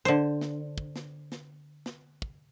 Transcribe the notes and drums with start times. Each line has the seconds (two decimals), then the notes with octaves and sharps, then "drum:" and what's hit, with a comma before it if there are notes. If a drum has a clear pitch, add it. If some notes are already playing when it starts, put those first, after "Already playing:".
0.05 D3 C5
0.41 drum: snare
0.78 drum: kick
0.96 drum: snare
1.32 drum: snare
1.86 drum: snare
2.22 drum: kick